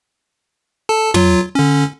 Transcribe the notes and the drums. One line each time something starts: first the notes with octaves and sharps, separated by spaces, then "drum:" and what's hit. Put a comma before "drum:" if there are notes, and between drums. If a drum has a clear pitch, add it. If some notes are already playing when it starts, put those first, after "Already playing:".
A4 A5
F#3 F4, drum: tom
D3 C#4